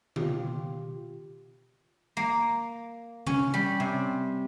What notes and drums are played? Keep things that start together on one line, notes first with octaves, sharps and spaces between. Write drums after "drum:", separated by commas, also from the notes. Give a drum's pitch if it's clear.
B2 D#3 F4 G4, drum: tom C#3
A#3
C#4, drum: tom C3
G3
C3